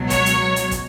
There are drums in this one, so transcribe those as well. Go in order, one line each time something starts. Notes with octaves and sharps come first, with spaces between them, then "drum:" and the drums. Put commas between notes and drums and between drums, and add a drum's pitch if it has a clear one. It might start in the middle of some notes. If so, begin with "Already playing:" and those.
Already playing: C#2 B2 F#3
C#5, drum: kick, hi-hat
drum: hi-hat
drum: hi-hat
drum: kick, hi-hat